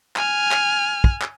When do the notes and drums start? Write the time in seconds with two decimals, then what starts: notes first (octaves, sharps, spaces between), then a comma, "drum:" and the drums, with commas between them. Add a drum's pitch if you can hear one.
0.16 G#5 F6, drum: clap
0.51 drum: clap
1.04 drum: kick
1.22 drum: clap